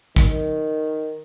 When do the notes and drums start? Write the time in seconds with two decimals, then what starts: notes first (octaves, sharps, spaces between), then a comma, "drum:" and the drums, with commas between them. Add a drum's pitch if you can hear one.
0.16 D#3, drum: kick